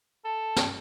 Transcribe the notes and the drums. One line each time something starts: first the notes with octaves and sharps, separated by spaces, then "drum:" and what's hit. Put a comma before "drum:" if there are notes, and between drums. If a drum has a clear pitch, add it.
A4
drum: snare